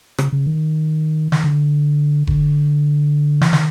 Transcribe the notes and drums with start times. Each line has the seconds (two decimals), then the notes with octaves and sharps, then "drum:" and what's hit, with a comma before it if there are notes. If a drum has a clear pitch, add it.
0.18 C#3, drum: rim click
0.32 C#3
0.46 D#3
1.32 D#3, drum: snare
1.44 D3
2.27 D3, drum: kick F1
3.41 E3, drum: snare
3.53 D#3, drum: snare